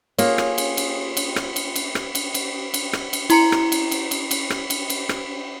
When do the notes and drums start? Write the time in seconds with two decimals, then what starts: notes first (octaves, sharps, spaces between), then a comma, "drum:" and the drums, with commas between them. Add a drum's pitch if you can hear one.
0.18 A#3 F4 G4 G#4 C#5, drum: cymbal
0.38 drum: rim click
0.58 drum: cymbal
0.77 drum: cymbal
1.17 drum: cymbal
1.36 drum: rim click
1.56 drum: cymbal
1.76 drum: cymbal
1.95 drum: rim click
2.15 drum: cymbal
2.34 drum: cymbal
2.74 drum: cymbal
2.93 drum: rim click
3.13 drum: cymbal
3.30 E4 A#5 C#7, drum: cymbal
3.52 drum: rim click
3.72 drum: cymbal
3.91 drum: cymbal
4.11 drum: cymbal
4.31 drum: cymbal
4.50 drum: rim click
4.70 drum: cymbal
4.90 drum: cymbal
5.09 drum: rim click